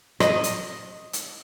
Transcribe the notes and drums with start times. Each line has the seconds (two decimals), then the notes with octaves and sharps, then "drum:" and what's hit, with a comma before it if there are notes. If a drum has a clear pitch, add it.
0.20 D#5, drum: rim click
0.44 drum: hi-hat
1.13 drum: hi-hat